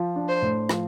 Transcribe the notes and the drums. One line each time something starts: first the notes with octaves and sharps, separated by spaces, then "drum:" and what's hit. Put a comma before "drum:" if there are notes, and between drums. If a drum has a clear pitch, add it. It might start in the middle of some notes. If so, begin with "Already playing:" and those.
Already playing: F3
D4
C5
A2
F3, drum: rim click